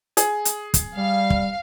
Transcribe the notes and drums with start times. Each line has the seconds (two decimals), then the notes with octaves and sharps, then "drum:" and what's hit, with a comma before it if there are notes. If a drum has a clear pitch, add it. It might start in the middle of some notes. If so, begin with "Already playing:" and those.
0.17 G#4, drum: hi-hat
0.45 drum: hi-hat
0.74 drum: kick, hi-hat
0.96 G3 F5
1.30 drum: kick